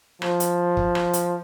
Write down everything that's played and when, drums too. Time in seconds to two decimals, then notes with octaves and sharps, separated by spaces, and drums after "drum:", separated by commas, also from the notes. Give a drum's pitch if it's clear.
0.22 F3, drum: rim click
0.40 drum: hi-hat
0.77 drum: kick
0.95 drum: rim click
1.13 drum: hi-hat